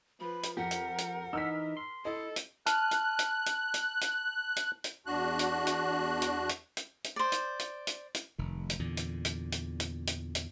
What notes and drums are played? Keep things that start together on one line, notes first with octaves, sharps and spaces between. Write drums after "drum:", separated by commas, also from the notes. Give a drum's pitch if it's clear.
F3 B4 B5
drum: hi-hat
F2 G4 A#4 F#5
drum: hi-hat
drum: hi-hat
E3 D#4 E6 F6 B6
C6
E4 A4 D#5
drum: hi-hat
A5 F6 F#6, drum: hi-hat
drum: hi-hat
drum: hi-hat
drum: hi-hat
drum: hi-hat
drum: hi-hat
drum: hi-hat
drum: hi-hat
E2 D4 F#4 F#6
drum: hi-hat
drum: hi-hat
drum: hi-hat
drum: hi-hat
drum: hi-hat
drum: hi-hat
C5 D5
drum: hi-hat
drum: hi-hat
drum: hi-hat
drum: hi-hat
F1 D#3
drum: hi-hat
E2 A#2 D3
drum: hi-hat
drum: hi-hat
drum: hi-hat
drum: hi-hat
drum: hi-hat
drum: hi-hat